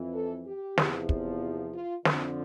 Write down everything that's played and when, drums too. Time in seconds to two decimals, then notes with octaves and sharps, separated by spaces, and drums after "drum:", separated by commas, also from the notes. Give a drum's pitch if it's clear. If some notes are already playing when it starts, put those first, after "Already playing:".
Already playing: F2 E3
0.13 A4
0.45 G4
0.78 E2 C3 F3, drum: snare
1.09 drum: kick
1.73 F4
2.05 F2 D3 F3 E4, drum: snare